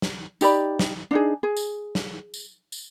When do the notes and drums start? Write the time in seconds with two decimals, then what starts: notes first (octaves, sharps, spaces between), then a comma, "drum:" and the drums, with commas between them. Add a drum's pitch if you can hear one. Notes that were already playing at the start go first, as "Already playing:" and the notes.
0.02 drum: snare
0.41 D#4 G4 D5 B5, drum: tambourine
0.79 drum: snare
1.11 D4 D#4 G#4
1.43 G#4
1.57 drum: tambourine
1.95 drum: snare
2.34 drum: tambourine
2.72 drum: tambourine